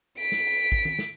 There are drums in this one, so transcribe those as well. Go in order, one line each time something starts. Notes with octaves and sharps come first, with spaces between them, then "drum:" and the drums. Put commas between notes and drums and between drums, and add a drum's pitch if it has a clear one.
B6 D7
drum: snare
drum: kick
drum: tom D#3
drum: snare